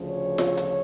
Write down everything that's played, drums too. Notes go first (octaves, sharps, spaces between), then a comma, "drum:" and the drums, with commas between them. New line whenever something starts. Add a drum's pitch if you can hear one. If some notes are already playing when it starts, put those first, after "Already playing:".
Already playing: D2 C#3 F3
C#5
drum: snare F4
drum: hi-hat